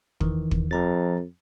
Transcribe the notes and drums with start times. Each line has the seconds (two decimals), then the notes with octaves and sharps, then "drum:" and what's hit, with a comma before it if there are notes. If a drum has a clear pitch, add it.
0.20 D#3 E3, drum: kick
0.51 drum: kick
0.71 F2 F3 A#5 A6